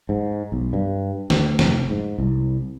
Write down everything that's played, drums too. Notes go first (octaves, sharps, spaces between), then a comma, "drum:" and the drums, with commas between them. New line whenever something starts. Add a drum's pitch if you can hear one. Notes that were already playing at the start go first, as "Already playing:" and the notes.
G#2
B1
G2
D2, drum: snare
F1, drum: snare
G#2
C2